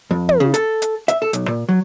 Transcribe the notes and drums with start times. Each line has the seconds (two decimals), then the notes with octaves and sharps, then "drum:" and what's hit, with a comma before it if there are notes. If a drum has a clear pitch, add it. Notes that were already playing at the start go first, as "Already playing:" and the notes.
0.11 F2
0.29 drum: tom
0.40 C#3
0.54 A4, drum: hi-hat
0.82 drum: hi-hat
1.08 E5, drum: hi-hat
1.22 A4
1.33 B1, drum: hi-hat
1.48 A#2
1.69 F#3